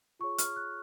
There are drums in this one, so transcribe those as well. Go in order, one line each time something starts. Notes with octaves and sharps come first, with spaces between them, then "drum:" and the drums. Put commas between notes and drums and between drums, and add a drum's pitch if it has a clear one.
F4 G#4 C#5 C#6
F6, drum: hi-hat
F#6